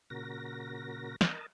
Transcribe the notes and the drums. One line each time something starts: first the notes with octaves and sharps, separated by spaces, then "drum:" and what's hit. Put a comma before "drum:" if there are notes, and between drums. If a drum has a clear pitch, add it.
A#2 C#3 F#4 A#4 A#6
A#4 D#5 A5, drum: snare